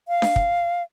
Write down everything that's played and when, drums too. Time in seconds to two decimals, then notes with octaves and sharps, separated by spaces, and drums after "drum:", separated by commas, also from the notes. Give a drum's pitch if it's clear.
0.08 F5
0.22 drum: snare D4
0.36 drum: kick